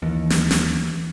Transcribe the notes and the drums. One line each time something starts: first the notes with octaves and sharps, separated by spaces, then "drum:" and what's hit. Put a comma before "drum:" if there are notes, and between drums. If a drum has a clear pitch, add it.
D#2 E3
drum: snare
drum: snare